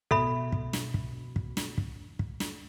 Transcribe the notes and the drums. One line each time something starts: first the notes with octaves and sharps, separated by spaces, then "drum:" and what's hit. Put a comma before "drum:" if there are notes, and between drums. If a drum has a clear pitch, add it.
B2 A4 E5 B5, drum: kick
drum: kick
drum: snare
drum: kick
drum: kick
drum: snare
drum: kick
drum: kick
drum: snare